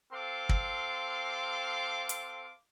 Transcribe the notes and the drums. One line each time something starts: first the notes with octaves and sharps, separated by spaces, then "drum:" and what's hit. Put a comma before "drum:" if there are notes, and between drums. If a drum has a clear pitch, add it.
C4 A4 F5 C6 D6
drum: kick
drum: hi-hat